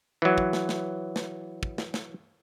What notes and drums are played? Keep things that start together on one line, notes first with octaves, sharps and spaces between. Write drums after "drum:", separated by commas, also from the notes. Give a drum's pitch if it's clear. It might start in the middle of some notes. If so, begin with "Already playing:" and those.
E3 F#3
drum: kick
drum: snare
drum: snare
drum: snare
drum: kick
drum: snare
drum: snare